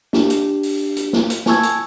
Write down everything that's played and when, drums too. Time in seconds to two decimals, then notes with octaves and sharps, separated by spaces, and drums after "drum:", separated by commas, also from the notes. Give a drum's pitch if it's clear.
0.13 D4 G4, drum: snare
0.30 drum: hi-hat
0.63 drum: open hi-hat
0.97 drum: hi-hat
1.13 drum: snare
1.30 drum: hi-hat
1.46 G#5 A5 C#6 E6 G#6, drum: snare
1.63 drum: hi-hat